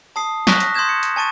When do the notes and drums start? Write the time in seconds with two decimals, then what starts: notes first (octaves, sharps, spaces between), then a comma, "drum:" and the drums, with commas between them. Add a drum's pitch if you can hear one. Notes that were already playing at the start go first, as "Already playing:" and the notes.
0.16 A5 D#6 C7
0.47 C#6 D#6 F6 F#6 A#6 B6, drum: snare
0.60 A#6, drum: hi-hat
0.74 C6 D#6 G6 G#6 E7
0.89 C#7
1.03 drum: hi-hat
1.16 G#5 A5 C#6 A6 D#7